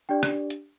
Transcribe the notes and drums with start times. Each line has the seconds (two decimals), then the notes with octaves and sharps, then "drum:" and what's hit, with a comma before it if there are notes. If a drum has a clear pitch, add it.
0.09 D4 G4 D5 G5
0.23 drum: rim click
0.50 drum: hi-hat